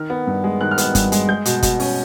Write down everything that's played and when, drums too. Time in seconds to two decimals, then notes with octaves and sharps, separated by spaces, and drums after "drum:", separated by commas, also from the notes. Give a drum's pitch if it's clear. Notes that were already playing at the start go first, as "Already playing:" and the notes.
Already playing: D#3 F6
0.10 B3
0.27 G2
0.44 G#3
0.61 D#3 F#6
0.71 F6
0.78 B3 F#6, drum: hi-hat
0.95 G2, drum: kick, hi-hat
1.12 G#3, drum: hi-hat
1.29 G#3 G6
1.45 B2, drum: hi-hat
1.62 B2, drum: kick, hi-hat
1.80 C#4, drum: open hi-hat